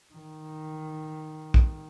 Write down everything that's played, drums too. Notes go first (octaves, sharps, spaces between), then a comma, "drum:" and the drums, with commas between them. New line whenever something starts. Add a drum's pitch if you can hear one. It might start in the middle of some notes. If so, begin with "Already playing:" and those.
D#3
drum: kick